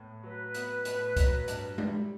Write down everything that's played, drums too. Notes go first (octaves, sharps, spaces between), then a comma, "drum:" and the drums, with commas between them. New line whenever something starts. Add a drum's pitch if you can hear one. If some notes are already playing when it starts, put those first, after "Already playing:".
Already playing: A2 B3
F#3 B4
B3, drum: hi-hat
A2, drum: hi-hat
F#3, drum: kick, hi-hat
G2, drum: hi-hat
G3, drum: tom G#3